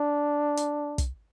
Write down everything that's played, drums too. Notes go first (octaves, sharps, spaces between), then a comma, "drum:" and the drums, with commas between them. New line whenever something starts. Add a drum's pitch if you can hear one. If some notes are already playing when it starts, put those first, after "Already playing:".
Already playing: D4
drum: hi-hat
drum: kick, hi-hat